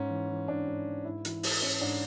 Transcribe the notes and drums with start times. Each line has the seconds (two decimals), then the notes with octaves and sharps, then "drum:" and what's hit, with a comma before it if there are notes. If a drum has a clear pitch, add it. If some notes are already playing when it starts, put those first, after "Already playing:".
Already playing: G#2 C#4
0.09 E3
0.30 E3
0.48 G#2 D4
0.67 G#2
0.86 E3
1.05 G#2 E4
1.25 E3, drum: hi-hat
1.43 E3, drum: open hi-hat
1.62 G#2 C#4
1.81 G#2 D4